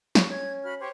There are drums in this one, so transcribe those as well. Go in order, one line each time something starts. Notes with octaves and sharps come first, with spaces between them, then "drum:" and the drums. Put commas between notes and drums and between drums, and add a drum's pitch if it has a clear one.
C#6, drum: snare
C#4 G#6
F#4 B5 F6
G4 C5 C#5